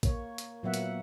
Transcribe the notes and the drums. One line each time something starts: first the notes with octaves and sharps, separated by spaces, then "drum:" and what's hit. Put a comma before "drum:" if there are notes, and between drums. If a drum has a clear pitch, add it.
A#3 C#5, drum: kick, hi-hat
drum: hi-hat
A#2 F#3 A#3 B3 E5 F#5
drum: hi-hat